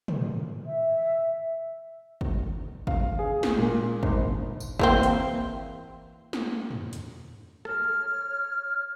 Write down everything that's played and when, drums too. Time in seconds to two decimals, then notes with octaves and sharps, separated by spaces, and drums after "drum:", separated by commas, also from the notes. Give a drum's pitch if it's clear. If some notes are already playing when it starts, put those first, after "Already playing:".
0.08 drum: tom
0.65 E5
2.21 drum: kick
2.87 F5, drum: kick
3.19 G#4
3.43 drum: snare
3.58 A#2
4.03 G#1, drum: kick
4.60 drum: tambourine
4.79 E3 A#3 C4, drum: kick
5.03 drum: hi-hat
6.33 drum: snare
6.71 drum: tom
6.93 drum: hi-hat
7.65 C#5 F6, drum: rim click